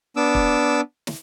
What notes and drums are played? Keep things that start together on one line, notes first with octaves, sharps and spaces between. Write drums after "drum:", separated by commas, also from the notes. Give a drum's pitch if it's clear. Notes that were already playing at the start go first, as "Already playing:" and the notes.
B3 D4 D6 E6
drum: kick
drum: snare